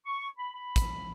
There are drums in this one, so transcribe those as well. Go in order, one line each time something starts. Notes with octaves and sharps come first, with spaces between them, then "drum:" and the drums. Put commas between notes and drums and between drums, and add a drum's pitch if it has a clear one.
C#6
B5
B5
drum: kick, hi-hat